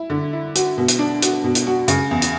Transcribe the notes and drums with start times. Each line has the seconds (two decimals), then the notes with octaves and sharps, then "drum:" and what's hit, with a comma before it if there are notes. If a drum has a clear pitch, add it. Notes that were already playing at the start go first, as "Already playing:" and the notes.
Already playing: E4
0.10 D3
0.33 E4
0.55 F#4, drum: hi-hat
0.78 B2
0.88 drum: hi-hat
0.99 D4
1.22 F#4, drum: hi-hat
1.44 B2
1.55 drum: hi-hat
1.67 F#4
1.88 C#3, drum: hi-hat
2.11 E2
2.22 drum: hi-hat